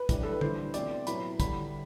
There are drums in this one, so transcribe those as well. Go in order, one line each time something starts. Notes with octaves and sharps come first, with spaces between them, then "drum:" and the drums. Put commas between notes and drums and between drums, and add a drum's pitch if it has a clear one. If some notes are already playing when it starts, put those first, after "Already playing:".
Already playing: B4
A2 G3 D4, drum: kick, hi-hat
A4
B4
E3 G3 D4 C5, drum: tom D3
B2 A3 C4 D5, drum: hi-hat
A2 F#3 B3 B5, drum: hi-hat
D3 G3 D4 B5, drum: kick, hi-hat